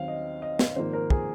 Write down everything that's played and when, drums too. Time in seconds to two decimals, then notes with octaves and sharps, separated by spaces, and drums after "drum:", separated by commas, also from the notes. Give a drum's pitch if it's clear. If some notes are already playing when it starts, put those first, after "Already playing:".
Already playing: D#2 D#3 F#3 C4 F5
0.08 D#5
0.42 D#5
0.59 drum: snare
0.76 G#1 G#2 F3 A#3 C5
0.93 A#4
1.10 G#4, drum: kick